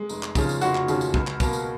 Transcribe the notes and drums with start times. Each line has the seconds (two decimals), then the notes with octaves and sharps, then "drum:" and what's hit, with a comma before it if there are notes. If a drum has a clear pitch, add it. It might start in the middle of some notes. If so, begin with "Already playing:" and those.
Already playing: G#3
0.09 F1, drum: tambourine
0.23 drum: clap
0.35 D#2 C#3 F3, drum: kick, tambourine
0.49 drum: tambourine
0.61 F1 F#4, drum: tambourine
0.75 drum: clap
0.88 D#2 C#3 F3, drum: tambourine
1.01 drum: tambourine
1.14 C#2, drum: kick
1.27 drum: clap
1.40 B2 A#3, drum: kick, tambourine
1.53 drum: tambourine